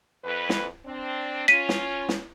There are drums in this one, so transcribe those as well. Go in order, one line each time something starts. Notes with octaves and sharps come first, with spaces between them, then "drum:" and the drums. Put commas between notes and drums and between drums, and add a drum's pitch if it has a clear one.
F2 B4
drum: snare
C4 D4
C#4 F4 B6 D#7
drum: snare
drum: snare